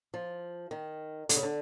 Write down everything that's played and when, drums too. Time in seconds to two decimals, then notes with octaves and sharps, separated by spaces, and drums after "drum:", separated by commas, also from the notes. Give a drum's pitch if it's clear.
0.14 F3
0.71 D#3
1.29 D3, drum: hi-hat
1.36 C#3
1.43 D3